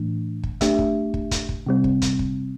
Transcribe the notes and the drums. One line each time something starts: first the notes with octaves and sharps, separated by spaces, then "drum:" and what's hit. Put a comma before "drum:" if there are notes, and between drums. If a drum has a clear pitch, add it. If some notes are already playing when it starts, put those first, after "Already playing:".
Already playing: A2 E3 A3 D4
drum: kick
A3 D4 G4 E5, drum: kick, hi-hat
drum: kick
drum: kick
drum: kick, hi-hat
drum: kick
C3 G3 C4
drum: kick
drum: kick, hi-hat
drum: kick